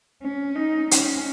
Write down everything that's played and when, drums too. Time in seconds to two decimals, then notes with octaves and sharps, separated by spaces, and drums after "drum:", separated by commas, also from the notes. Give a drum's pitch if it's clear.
0.22 C#4
0.56 D#4
0.91 C#4, drum: hi-hat